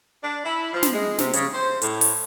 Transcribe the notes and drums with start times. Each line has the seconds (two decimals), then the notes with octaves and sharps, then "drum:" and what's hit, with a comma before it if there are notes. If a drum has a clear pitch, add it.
0.23 D4
0.45 E4
0.73 F3
0.83 drum: snare
0.92 G#3
1.18 C3, drum: snare
1.33 C#3, drum: hi-hat
1.54 C5
1.82 A2, drum: hi-hat
2.01 drum: open hi-hat